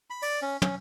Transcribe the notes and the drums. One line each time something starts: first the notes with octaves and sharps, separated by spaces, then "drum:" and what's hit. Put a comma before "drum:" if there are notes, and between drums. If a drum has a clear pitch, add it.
B5
D5, drum: open hi-hat
C#4
C#4, drum: tom